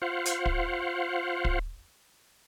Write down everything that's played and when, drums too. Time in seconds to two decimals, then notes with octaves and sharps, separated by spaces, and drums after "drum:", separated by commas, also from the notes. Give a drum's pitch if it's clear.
0.02 F4 C5 F5 F#5
0.25 drum: hi-hat
0.46 drum: kick
1.45 drum: kick